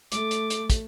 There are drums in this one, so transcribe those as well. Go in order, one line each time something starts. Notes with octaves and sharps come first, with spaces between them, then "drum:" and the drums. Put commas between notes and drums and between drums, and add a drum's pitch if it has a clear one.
A3 D6, drum: hi-hat
drum: hi-hat
drum: hi-hat
drum: kick, hi-hat